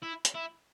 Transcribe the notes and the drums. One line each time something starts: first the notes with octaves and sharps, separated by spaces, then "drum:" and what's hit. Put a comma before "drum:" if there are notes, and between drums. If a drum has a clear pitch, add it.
E4
drum: hi-hat
E4